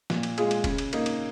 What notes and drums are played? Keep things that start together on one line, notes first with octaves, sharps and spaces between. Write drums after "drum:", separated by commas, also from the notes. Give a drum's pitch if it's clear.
A#2, drum: snare
drum: cymbal
G#3 F4 G#4, drum: cymbal
drum: cymbal
C#3, drum: kick E1, cymbal
drum: cymbal
A#3 D#4, drum: cymbal
drum: cymbal